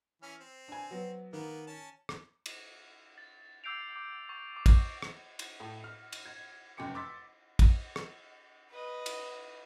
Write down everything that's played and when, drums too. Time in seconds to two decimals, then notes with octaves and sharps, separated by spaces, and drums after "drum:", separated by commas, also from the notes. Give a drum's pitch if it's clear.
0.23 E3 C#4 F6
0.40 C4
0.68 D4 G#5
0.91 F#3 B3
1.33 D#3 A#3 B3
1.67 C#4 A5
2.09 drum: rim click
2.46 drum: cymbal
3.18 A6
3.64 D6 E6 G6 C7 D7 F7
3.96 D6
4.29 C#6 A6
4.57 D6
4.66 drum: kick, cymbal
5.02 drum: rim click
5.39 drum: cymbal
5.60 A2
5.84 F6
6.12 drum: cymbal
6.26 G#6
6.77 F1 F#2 G5 D6 C#7
6.95 C6 D6 E6 A6 B6
7.59 drum: kick, cymbal
7.96 drum: rim click
8.70 B4 D#5
9.06 drum: cymbal